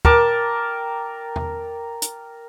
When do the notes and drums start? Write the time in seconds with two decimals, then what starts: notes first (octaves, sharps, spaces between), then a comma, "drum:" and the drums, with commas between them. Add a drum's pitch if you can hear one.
0.05 A#4 G5 A5 D6, drum: kick
1.36 drum: tom E2
2.02 drum: hi-hat